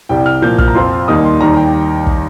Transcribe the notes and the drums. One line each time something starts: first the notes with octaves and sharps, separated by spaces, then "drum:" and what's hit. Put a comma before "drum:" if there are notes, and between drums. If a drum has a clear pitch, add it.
C2 C3 G3 G5
F6
A#2 F3 A#3 G6
F6, drum: kick
A#5
F2 F3 C4 C6
D#2 D#3 G3 A#3 D#4 D#6
C6
D#2 D#3 G3 A#5
G5
drum: kick